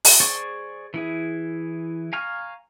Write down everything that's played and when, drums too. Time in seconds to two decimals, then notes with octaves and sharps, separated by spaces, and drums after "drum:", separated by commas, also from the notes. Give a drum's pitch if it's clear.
0.05 drum: open hi-hat
0.20 G#4 C5 D5 C#6
0.94 E3 E4 G#4
2.13 F5 G#5 A#5 C#6 F6